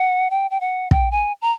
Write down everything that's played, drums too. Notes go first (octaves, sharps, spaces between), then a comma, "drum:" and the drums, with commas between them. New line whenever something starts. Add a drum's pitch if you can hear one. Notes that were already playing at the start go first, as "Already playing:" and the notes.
Already playing: F#5
G5
G5
F#5
G5, drum: kick
G#5
A#5